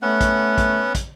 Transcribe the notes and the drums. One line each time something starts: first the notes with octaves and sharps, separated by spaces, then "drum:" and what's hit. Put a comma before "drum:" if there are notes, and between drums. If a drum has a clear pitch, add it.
A3 B3 C#4 F#5
drum: kick, hi-hat
drum: kick, hi-hat
drum: kick, hi-hat